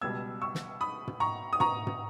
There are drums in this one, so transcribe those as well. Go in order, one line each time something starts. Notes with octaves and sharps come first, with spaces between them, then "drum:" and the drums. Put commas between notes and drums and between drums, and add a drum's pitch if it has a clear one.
C#2 B2 G3 E6 G#6
C#6 E6
drum: snare
B5 D#6
drum: tom
A#5 C#6
D#6
A#5 C#6, drum: tom
drum: tom